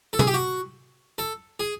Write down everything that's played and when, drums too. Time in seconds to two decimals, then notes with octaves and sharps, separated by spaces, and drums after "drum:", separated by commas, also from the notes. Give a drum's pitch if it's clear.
0.13 A4
0.19 G#4, drum: tom
0.27 G4
0.34 F#4
1.18 A4
1.60 G#4